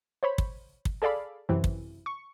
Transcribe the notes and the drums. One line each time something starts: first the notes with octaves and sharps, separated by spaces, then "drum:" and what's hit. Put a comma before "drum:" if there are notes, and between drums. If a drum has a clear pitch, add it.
C5 C#5 B5
drum: kick
drum: kick
G#4 A4 D5 F5 B5
F#2 C3 E3 C4
drum: kick
C#6